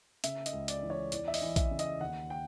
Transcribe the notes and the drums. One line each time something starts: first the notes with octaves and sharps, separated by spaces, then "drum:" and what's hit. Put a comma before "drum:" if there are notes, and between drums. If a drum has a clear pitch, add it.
C#3 E5, drum: hi-hat
D#5, drum: hi-hat
C#2
D5, drum: hi-hat
E3
C#5
E2 D5, drum: hi-hat
E5
D#5, drum: open hi-hat
E3
E5, drum: kick, hi-hat
C#3
D#5, drum: hi-hat
D#2 F#5
G5